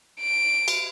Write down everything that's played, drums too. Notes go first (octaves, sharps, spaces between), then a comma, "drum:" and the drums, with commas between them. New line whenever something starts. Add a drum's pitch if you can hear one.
D7
drum: cymbal